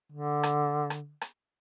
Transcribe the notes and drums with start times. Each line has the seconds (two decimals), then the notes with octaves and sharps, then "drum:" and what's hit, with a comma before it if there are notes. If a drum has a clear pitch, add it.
0.12 D3
0.43 drum: rim click
0.90 drum: rim click
1.21 drum: rim click